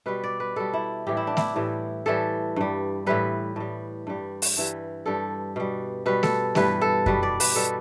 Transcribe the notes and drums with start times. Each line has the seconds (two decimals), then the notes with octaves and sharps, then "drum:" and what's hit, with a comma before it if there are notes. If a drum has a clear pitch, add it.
0.06 B2 G3 B4
0.24 D5
0.40 B4
0.56 B2 G3 A4
0.74 E4
1.07 A2 E3 G3 G4
1.17 E4
1.27 D4
1.37 E4, drum: snare A3
1.56 A2 E3 G3
2.06 A2 E3 G3 A4
2.56 G2 G3
3.06 A2 E3 G3 B4
3.56 A2 G3
4.07 G2 G3
4.42 drum: open hi-hat
4.57 G2 E3 G3
5.06 G2 G3 A4
5.56 B2 G3
6.06 B2 G3 B4
6.23 A4, drum: snare A3
6.55 G2 E3 G3 B4, drum: snare A3
6.81 A4
7.06 B2 G3 B4, drum: kick F#2
7.23 D5
7.40 B4, drum: open hi-hat
7.56 B2 G3 A4